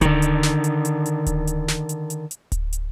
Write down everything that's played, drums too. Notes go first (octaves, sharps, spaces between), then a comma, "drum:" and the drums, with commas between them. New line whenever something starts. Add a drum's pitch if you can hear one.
D3 D#3, drum: kick D1, hi-hat
drum: hi-hat
drum: snare
drum: hi-hat
drum: hi-hat
drum: hi-hat
drum: kick D1, hi-hat
drum: hi-hat
drum: snare
drum: hi-hat
drum: hi-hat
drum: hi-hat
drum: kick D1, hi-hat
drum: hi-hat